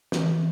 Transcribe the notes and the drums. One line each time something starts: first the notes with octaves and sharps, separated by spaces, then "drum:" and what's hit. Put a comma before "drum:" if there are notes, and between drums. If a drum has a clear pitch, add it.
E3, drum: snare